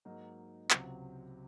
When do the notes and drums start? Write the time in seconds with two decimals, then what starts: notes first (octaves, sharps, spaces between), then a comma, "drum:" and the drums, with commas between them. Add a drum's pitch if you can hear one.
0.05 G#2 F#3 A#3 D#4
0.70 C#2 C3 F#3 C4, drum: clap